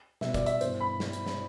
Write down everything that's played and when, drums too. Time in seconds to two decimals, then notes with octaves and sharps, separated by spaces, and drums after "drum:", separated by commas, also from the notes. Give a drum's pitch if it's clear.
0.21 B2 G3 B3 E5, drum: snare
0.34 D5, drum: kick, hi-hat
0.46 E5, drum: hi-hat
0.61 G2 E3 B3 C5, drum: hi-hat
0.80 B5
1.00 drum: snare
1.13 drum: hi-hat
1.26 drum: snare